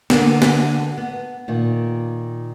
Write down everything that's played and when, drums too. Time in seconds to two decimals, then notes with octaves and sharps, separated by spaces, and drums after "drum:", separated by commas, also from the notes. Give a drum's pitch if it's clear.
0.10 D3 A#3 B3, drum: snare
0.42 drum: snare
0.97 B3
1.48 A#2 D#3